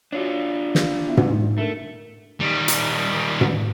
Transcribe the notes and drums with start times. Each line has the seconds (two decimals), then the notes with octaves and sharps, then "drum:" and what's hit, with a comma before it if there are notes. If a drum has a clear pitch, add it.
0.12 D4 F4 F#4 C#5
0.75 G4, drum: snare
1.08 B3 E4 E5
1.17 drum: tom
1.28 G#3 D#4
1.58 A3 D4 A#4
2.40 D#3 G3
2.68 drum: hi-hat
3.41 drum: tom